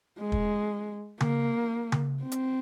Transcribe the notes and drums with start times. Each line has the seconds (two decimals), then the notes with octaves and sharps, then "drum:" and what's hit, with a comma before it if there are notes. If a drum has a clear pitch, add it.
0.19 G#3
0.32 drum: kick
1.20 A#3, drum: tom C#3
1.92 drum: tom C#3
2.22 C4
2.32 drum: hi-hat